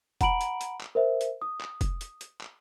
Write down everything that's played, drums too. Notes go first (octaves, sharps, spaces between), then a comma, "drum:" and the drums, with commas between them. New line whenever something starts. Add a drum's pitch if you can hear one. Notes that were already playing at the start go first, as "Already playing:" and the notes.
F#5 A#5 B5 D7 F#7, drum: kick F1, hi-hat
drum: hi-hat
drum: hi-hat
drum: clap
A#4 C5 E5
drum: hi-hat
D#6
drum: clap
drum: kick F1, hi-hat
drum: hi-hat
drum: hi-hat
drum: clap